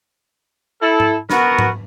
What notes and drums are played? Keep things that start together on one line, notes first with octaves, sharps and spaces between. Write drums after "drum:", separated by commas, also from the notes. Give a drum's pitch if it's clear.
E4 A4
drum: tom G#2
B3 F#4 A#4, drum: snare
drum: tom G#2